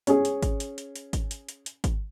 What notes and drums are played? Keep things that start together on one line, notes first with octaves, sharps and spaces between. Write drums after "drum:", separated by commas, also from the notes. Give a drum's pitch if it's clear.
C#4 G#4, drum: hi-hat
drum: hi-hat
drum: kick G#1, hi-hat
drum: hi-hat
drum: hi-hat
drum: hi-hat
drum: kick G#1, hi-hat
drum: hi-hat
drum: hi-hat
drum: hi-hat
drum: kick G#1, hi-hat